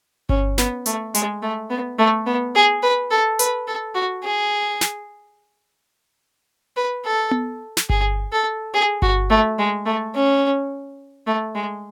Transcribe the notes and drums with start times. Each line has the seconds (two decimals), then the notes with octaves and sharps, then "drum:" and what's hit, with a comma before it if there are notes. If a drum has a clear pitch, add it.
0.29 C#4, drum: kick G1
0.58 B3, drum: snare
0.86 A3, drum: hi-hat
1.14 G#3, drum: hi-hat
1.42 A3
1.70 B3
1.98 A3
2.26 B3
2.55 G#4
2.83 B4
3.11 A4
3.39 B4, drum: hi-hat
3.67 A4
3.95 F#4
4.23 G#4
4.81 drum: snare
6.77 B4
7.05 A4
7.31 drum: tom B3
7.77 drum: snare
7.90 G#4, drum: kick G1
8.32 A4
8.74 G#4
9.02 F#4, drum: kick G1
9.30 A3
9.59 G#3
9.86 A3
10.15 C#4
11.27 A3
11.55 G#3